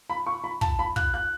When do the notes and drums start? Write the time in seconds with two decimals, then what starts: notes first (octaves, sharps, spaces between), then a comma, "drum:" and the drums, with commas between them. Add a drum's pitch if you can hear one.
0.10 B5
0.27 C#6
0.44 B5
0.61 A5, drum: kick
0.79 B5
0.96 F#6, drum: kick
1.14 F#6